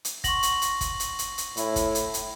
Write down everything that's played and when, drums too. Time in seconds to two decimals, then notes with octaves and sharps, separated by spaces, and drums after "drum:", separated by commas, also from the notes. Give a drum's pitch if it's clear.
0.05 drum: hi-hat
0.24 F#5 C6 C#6 A#6 F#7, drum: kick, hi-hat
0.43 drum: hi-hat
0.62 drum: hi-hat
0.81 drum: kick, hi-hat
1.00 drum: hi-hat
1.19 drum: hi-hat
1.38 drum: hi-hat
1.57 A2 E4, drum: hi-hat
1.76 drum: kick, hi-hat
1.95 drum: hi-hat
2.14 drum: hi-hat